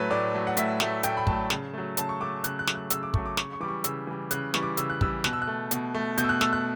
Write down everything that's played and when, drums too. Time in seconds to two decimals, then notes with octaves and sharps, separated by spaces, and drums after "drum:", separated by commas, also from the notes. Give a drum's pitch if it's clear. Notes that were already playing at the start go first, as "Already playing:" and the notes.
Already playing: A2 F#3 A3 B4 C#5
0.10 A2 D5
0.34 F#3 A3
0.47 F#5
0.57 A2 E5, drum: hi-hat
0.80 F#3 A3, drum: snare
1.03 A2 G5, drum: hi-hat
1.17 B5
1.27 F#3 A3 A5, drum: kick
1.50 C#3, drum: snare
1.74 F#3 A3
1.97 C#3 A5, drum: hi-hat
2.09 C#6
2.20 F#3 A3 D6
2.44 C#3 F#6, drum: hi-hat
2.59 F#6
2.67 F#3 A3, drum: snare
2.75 F#6
2.90 C#3 E6, drum: hi-hat
3.03 D6
3.14 F#3 A3 C#6, drum: kick
3.26 D6
3.37 C#3 C#6, drum: snare
3.53 C#6
3.60 E3 G3 D6
3.68 C#6
3.84 C#3 E6, drum: hi-hat
4.07 E3 G3
4.31 C#3 F#6, drum: hi-hat
4.54 E3 G3 C#6, drum: snare
4.62 D6
4.77 C#3 E6, drum: hi-hat
4.90 F#6
5.01 E3 G3 E6, drum: kick
5.24 B2 F#6, drum: snare
5.33 E6
5.42 F#6
5.47 A3
5.71 B2, drum: hi-hat
5.94 A3
6.18 B2 G6, drum: hi-hat
6.24 E6
6.29 F#6
6.41 A3 E6, drum: snare
6.53 F#6